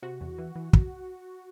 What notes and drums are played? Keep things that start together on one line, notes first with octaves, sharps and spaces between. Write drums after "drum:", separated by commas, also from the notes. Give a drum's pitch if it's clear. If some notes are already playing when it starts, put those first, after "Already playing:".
C3 F#4
E2
E3
E3
drum: kick